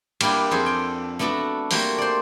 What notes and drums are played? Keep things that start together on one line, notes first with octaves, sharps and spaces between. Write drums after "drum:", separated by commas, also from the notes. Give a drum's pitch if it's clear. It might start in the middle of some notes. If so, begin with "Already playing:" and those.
G3 A#3 D4 E4 G4, drum: cymbal
F2 G#4 A4 C5
G5
A3 B3 D4 F#4 A4
G3 A3 A#3 F#4 C5, drum: open hi-hat
C5 D5